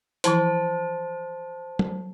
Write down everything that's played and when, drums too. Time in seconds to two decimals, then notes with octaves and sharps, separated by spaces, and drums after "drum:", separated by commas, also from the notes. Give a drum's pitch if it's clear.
0.24 E3 F3 E4 C5 A5, drum: hi-hat
1.79 drum: tom F#3